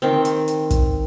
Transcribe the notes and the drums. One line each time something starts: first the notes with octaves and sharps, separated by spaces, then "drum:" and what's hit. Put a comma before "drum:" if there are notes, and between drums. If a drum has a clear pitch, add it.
D#3 C4
drum: hi-hat
drum: hi-hat
drum: kick, hi-hat